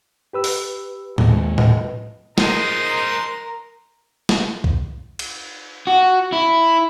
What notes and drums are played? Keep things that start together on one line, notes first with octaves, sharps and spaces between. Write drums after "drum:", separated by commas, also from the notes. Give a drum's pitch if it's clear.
G4 B4 E6
drum: open hi-hat
D#2 G#3, drum: tom A2
B4 D#5, drum: tom A2
F3 G#3 D#4 A#4 C6, drum: snare
drum: snare
drum: kick C2
drum: cymbal
F#4
E4